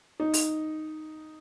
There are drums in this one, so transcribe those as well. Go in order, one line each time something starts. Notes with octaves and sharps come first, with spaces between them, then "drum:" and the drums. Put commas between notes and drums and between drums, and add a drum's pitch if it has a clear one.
D#4
drum: open hi-hat